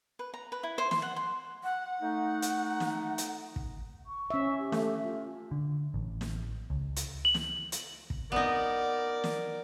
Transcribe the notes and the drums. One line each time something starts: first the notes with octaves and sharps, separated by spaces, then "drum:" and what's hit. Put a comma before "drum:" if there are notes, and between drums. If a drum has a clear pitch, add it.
B4
A#5
B4
E4
C5
C6, drum: snare
F#5
C6
F#5
A3 D#4
drum: hi-hat
drum: snare
drum: hi-hat
drum: kick
C#6
C#4 E5
G4
A3, drum: snare
F4
D3
A1
drum: snare
C#2
drum: hi-hat
F#7
drum: snare
drum: hi-hat
drum: kick
B3 D#4 A#4 D5
drum: snare